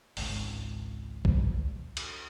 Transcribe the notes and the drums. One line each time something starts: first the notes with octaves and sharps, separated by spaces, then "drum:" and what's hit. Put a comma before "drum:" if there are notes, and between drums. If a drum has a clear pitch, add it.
G#1 C#2, drum: open hi-hat
drum: kick C2
drum: cymbal